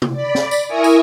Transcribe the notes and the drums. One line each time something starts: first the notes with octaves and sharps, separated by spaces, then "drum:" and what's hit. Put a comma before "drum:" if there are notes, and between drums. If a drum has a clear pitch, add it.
drum: tom
D5 B5
drum: snare
drum: tambourine
E4 A#4 E5 G#5 C#6 D#6
drum: tambourine